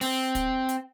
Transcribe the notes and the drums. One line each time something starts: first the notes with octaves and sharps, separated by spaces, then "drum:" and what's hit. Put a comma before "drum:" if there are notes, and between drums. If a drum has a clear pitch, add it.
C4, drum: open hi-hat
drum: kick, hi-hat
drum: hi-hat